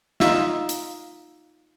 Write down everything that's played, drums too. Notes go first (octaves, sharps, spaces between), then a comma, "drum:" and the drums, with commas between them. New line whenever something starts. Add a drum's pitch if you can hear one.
D#4 F4 E5, drum: snare
drum: hi-hat